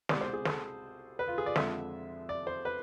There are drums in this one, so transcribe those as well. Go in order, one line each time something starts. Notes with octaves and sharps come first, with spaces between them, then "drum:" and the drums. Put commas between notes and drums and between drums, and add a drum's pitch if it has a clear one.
C2 B2 G#3 D5, drum: snare
C5
G#4
A4, drum: snare
B4
F4
G#4
D5
F2 D3 F3 G#3 E5, drum: snare
D5
C5
B4